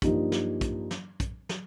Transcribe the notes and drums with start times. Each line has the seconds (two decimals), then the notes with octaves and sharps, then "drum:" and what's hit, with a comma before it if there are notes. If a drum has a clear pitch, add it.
0.02 G2 F3 A#3 D#4 G4, drum: kick, hi-hat
0.32 drum: snare
0.61 drum: kick, hi-hat
0.91 drum: snare
1.20 drum: kick, hi-hat
1.49 drum: snare